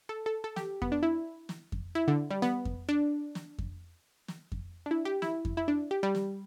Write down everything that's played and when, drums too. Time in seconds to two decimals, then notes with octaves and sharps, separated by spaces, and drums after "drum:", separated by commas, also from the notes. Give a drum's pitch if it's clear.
0.09 A4
0.26 A4
0.44 A4
0.56 G4, drum: snare
0.82 B3, drum: kick F2
0.92 D4
1.03 E4
1.49 drum: snare
1.72 drum: kick F2
1.95 E4
2.08 D3
2.30 G3
2.42 B3, drum: snare
2.65 drum: kick F2
2.89 D4
3.35 drum: snare
3.59 drum: kick F2
4.28 drum: snare
4.52 drum: kick F2
4.86 D4
4.91 E4
5.05 G4
5.22 E4, drum: snare
5.45 drum: kick F2
5.57 E4
5.68 D4
5.91 G4
6.03 G3
6.15 drum: snare